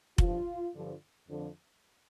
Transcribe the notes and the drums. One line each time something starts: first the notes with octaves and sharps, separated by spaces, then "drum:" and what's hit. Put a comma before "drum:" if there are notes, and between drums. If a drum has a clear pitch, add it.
G2 F3 F4, drum: kick F1
G2 D3 F3
F2 D3 F3